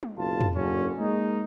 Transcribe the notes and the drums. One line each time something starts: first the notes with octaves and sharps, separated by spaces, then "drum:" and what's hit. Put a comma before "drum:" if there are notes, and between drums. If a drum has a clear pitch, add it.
drum: tom G3
F#1 B1 F4 A5
drum: tom
F#1 F#2 D3 C#4
G#3 A#3 D#4